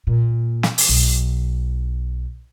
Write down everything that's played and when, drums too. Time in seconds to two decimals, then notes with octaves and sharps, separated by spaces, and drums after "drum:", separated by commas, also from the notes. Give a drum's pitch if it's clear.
0.07 A#2
0.63 drum: snare
0.78 drum: open hi-hat
0.89 B1